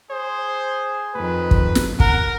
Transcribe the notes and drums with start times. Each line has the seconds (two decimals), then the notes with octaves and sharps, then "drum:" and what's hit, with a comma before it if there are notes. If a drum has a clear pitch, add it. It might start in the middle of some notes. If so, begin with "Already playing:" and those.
0.11 G#4 C5
1.15 F2 D#3 B4
1.51 drum: kick
1.75 drum: snare
2.00 A#4 F#5, drum: kick